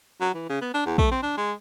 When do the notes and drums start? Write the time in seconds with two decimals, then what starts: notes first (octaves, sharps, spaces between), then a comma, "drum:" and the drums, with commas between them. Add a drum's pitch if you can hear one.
0.20 F#3
0.34 E3
0.49 C#3
0.61 B3
0.74 D4
0.85 E2
0.98 A3, drum: kick
1.11 C4
1.23 D4
1.37 G#3